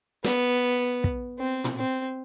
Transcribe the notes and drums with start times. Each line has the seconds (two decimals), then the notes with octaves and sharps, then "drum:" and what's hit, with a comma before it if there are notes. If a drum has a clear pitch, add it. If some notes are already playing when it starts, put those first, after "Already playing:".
0.24 B3, drum: snare
1.04 drum: kick
1.39 C4
1.64 drum: tom
1.77 C4